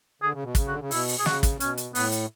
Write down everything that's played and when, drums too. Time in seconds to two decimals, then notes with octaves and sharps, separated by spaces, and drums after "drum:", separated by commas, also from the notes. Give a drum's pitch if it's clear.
0.22 D3 G#4
0.33 C#3
0.43 B2
0.55 C#3, drum: kick, hi-hat
0.68 D3 F#4
0.79 C#3
0.91 B2 E4, drum: open hi-hat
1.08 drum: open hi-hat
1.19 B2 G#4
1.26 C#3 F#4, drum: snare
1.43 drum: kick, hi-hat
1.60 B2 C#4, drum: hi-hat
1.77 drum: hi-hat
1.95 A2 B3, drum: open hi-hat
2.12 drum: hi-hat